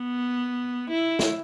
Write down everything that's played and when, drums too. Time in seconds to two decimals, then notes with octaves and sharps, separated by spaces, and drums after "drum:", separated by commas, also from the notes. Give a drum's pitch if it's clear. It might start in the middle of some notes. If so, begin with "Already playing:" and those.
Already playing: B3
0.90 E4
1.19 drum: snare